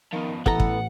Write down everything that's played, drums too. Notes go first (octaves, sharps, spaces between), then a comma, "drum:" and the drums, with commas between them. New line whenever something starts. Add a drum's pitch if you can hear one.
D#3 F3 B3
A1 E3 B3 A4 F#5 A#5, drum: kick
drum: kick